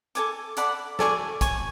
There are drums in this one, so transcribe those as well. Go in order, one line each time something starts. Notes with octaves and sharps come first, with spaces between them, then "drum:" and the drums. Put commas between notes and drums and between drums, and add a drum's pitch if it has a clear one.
A4 C#5 G#5 D6, drum: hi-hat
A4 D5 F#5 B5, drum: hi-hat
A4 D5 G#5 C#6, drum: snare
C#5 G#5 C#6, drum: kick, hi-hat